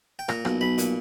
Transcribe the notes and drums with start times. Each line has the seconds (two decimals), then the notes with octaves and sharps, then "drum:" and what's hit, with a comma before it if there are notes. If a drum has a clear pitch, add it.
0.19 G5
0.29 A#2 A#5, drum: rim click
0.45 B1, drum: rim click
0.61 B1 B5
0.78 A#2, drum: hi-hat